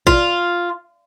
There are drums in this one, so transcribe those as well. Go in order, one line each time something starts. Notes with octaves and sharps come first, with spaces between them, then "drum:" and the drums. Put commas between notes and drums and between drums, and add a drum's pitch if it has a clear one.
F4, drum: kick